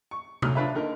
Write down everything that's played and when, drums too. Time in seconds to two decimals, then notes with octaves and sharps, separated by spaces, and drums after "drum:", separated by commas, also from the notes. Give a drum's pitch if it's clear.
0.11 C#6
0.42 D2 F#3 F6, drum: tom
0.55 D4 F4 B4 C#5 E5
0.74 F#1 D3 D#4 A#4